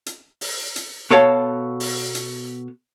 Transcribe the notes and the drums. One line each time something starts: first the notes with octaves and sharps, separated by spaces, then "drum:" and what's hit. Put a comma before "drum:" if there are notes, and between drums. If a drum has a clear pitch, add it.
drum: hi-hat
drum: open hi-hat
drum: hi-hat
B2 F#4 A4 C#5 F5 A5
drum: open hi-hat
drum: hi-hat